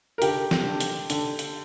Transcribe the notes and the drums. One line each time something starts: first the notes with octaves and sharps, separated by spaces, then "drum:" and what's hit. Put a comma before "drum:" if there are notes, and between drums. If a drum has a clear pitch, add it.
A#4
D3 G4, drum: hi-hat
drum: snare
D3
drum: hi-hat
D3, drum: hi-hat
drum: hi-hat